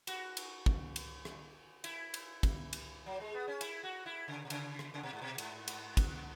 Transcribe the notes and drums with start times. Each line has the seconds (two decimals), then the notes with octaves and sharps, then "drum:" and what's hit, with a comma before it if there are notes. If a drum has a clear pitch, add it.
0.07 F#4, drum: cymbal
0.37 drum: cymbal
0.66 drum: kick
0.96 drum: cymbal
1.25 drum: rim click
1.84 E4, drum: cymbal
2.14 drum: cymbal
2.43 drum: kick, cymbal
2.73 drum: cymbal
3.06 F#3
3.20 G#3
3.34 B3
3.48 C#4
3.61 E4, drum: cymbal
3.83 F#4
4.06 E4
4.28 C#3
4.45 B2
4.50 C#3, drum: cymbal
4.79 drum: rim click
4.94 C#3
5.03 B2
5.13 G#2
5.22 B2
5.38 G#2, drum: cymbal
5.68 drum: cymbal
5.97 drum: kick, cymbal